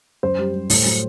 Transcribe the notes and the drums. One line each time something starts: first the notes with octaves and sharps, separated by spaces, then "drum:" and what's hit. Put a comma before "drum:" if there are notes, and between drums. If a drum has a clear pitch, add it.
F#2 C5
G3
G3
A2, drum: open hi-hat
F#3